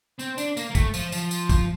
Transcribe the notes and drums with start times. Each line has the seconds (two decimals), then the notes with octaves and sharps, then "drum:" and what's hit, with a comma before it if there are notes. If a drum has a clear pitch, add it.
0.19 C4, drum: tambourine
0.38 D4, drum: tambourine
0.57 A#3, drum: tambourine
0.71 A#3
0.75 A3, drum: kick, tambourine
0.94 F3, drum: tambourine
1.12 F3, drum: tambourine
1.31 drum: tambourine
1.49 drum: kick, tambourine